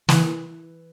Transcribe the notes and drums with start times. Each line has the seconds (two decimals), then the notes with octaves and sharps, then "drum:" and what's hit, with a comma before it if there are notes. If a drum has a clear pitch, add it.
0.09 E3, drum: snare